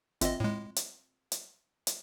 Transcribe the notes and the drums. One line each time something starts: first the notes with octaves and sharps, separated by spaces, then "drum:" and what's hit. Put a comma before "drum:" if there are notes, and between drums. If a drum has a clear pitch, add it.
G1 C4 F4 D#5 E5, drum: hi-hat
A2 G#3
drum: hi-hat
drum: hi-hat
drum: hi-hat